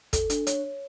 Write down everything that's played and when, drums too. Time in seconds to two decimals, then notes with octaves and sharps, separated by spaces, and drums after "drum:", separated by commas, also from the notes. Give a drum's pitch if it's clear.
0.13 A4, drum: kick, hi-hat
0.30 D4, drum: hi-hat
0.47 C#5, drum: hi-hat
0.64 C#5